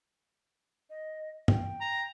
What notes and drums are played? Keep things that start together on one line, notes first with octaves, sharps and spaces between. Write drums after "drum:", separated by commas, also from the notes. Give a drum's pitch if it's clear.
D#5
G5, drum: tom
A#5